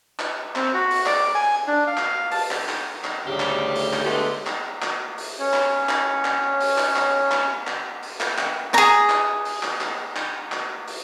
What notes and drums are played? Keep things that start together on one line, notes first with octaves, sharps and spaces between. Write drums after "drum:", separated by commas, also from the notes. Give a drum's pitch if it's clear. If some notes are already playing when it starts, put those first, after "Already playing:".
drum: clap
C4, drum: clap
F#4
drum: open hi-hat
D5, drum: clap
G#5
D4
F5
drum: clap
A5, drum: open hi-hat
drum: clap
drum: clap
drum: clap
D2 A2 C#3 G3 G4
drum: clap
drum: open hi-hat
drum: clap
D3 G#3 A3 B3 G4
drum: clap
drum: clap
drum: open hi-hat
C#4 C#5
drum: clap
drum: clap
drum: clap
drum: open hi-hat
drum: clap
drum: clap
drum: clap
drum: clap
drum: open hi-hat
drum: clap
drum: clap
G#4 A#5, drum: clap
drum: clap
drum: open hi-hat
drum: clap
drum: clap
drum: clap
drum: clap
drum: open hi-hat